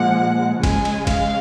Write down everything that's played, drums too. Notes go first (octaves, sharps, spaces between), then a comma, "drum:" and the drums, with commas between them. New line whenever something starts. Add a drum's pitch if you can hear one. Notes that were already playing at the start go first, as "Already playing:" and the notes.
Already playing: A#2 F3 G#3 F#5
C#3 G#3 G#5, drum: kick F#1, cymbal
drum: cymbal
F5, drum: kick F#1, cymbal